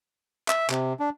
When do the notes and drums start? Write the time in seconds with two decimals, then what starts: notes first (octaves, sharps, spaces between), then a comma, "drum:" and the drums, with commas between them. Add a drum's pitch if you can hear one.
0.48 E5, drum: clap
0.70 C3, drum: clap
1.00 D4